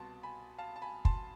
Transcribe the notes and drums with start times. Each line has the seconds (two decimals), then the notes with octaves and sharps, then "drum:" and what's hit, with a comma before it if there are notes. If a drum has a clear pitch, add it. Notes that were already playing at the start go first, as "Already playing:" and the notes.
Already playing: C2 B2 A5 C6
0.23 G#5 B5
0.58 F5 A5
0.76 A5
0.82 G#5 B5
1.05 A5 C6, drum: kick